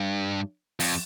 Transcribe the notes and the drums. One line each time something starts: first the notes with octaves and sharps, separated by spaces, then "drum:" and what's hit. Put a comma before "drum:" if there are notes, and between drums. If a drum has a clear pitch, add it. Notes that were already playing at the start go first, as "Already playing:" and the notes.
Already playing: G2
F2, drum: open hi-hat